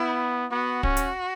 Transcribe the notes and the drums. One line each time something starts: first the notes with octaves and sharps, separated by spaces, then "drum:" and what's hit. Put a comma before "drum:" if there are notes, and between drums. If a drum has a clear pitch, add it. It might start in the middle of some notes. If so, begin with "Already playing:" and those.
Already playing: B3 E4
B3 F#4
C#4, drum: kick
drum: hi-hat